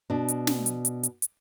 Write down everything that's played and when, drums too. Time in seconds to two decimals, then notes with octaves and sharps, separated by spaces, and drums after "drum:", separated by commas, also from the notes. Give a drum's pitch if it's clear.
0.10 B2 D4
0.28 drum: hi-hat
0.47 drum: snare
0.66 drum: hi-hat
0.85 drum: hi-hat
1.03 drum: hi-hat
1.22 drum: hi-hat